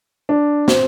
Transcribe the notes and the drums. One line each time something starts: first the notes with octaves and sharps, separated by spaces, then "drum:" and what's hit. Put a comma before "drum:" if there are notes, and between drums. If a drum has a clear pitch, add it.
D4
C4, drum: snare